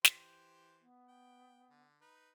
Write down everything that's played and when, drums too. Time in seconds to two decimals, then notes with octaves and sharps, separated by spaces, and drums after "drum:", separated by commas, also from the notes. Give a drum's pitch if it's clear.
0.05 E3 G4 C5, drum: snare
0.81 B3
1.08 G5
1.70 D3
2.01 D#4 B4